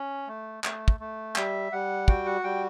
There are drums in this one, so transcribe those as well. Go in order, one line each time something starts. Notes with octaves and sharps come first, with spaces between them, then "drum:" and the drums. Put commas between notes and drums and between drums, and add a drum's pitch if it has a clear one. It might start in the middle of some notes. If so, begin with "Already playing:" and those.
Already playing: C#4
A3
A3, drum: clap
drum: kick
A3
G3 E5, drum: clap
G3 F#5
F#4 G5, drum: kick
F#5
G3 G5